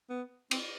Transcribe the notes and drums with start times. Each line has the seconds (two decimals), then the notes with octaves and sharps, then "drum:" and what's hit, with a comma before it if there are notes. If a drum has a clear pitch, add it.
0.10 B3
0.51 C4, drum: cymbal